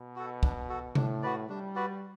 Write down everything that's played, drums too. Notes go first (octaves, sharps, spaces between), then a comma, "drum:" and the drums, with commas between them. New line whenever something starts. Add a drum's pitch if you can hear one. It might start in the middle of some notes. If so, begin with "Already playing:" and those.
Already playing: B2
F#4 A4
D4, drum: kick
F#4 A4
A2 D4, drum: tom C3
F#4 B4 D5
G3 D4
F#4 B4 D5